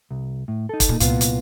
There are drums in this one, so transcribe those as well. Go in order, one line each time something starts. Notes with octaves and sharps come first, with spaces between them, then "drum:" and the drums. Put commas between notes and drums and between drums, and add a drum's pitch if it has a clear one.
C2
A2
D#4 A4
drum: kick, hi-hat
A#2
C2 A#2 B3 F4, drum: hi-hat
drum: hi-hat